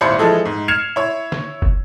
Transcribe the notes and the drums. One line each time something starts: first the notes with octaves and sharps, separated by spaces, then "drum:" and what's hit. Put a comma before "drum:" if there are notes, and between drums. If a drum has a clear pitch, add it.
D#1 G#1 E4 C5 B5 C#7
E3 F3 G#3 E4 A4 D#5
G#2
F6 G#6 C7 C#7 E7 F7
E4 C#5
drum: snare
drum: kick